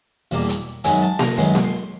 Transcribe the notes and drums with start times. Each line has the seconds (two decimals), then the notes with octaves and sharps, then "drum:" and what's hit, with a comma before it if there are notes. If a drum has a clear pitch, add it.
0.31 E2 B2 G3 A#3
0.49 drum: hi-hat
0.84 F#2 D#3 G#3 B3 G#5, drum: hi-hat
1.02 A5
1.19 A#5, drum: snare A#3
1.37 F#2 D#3 G#3 B3 C6
1.55 drum: snare A#3
1.64 C6